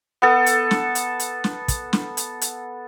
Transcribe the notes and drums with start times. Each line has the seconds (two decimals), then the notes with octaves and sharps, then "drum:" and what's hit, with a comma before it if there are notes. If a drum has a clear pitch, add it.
0.22 B3 A4
0.46 drum: hi-hat
0.71 drum: snare
0.95 drum: hi-hat
1.20 drum: hi-hat
1.44 drum: snare
1.68 drum: kick, hi-hat
1.93 drum: snare
2.17 drum: hi-hat
2.41 drum: hi-hat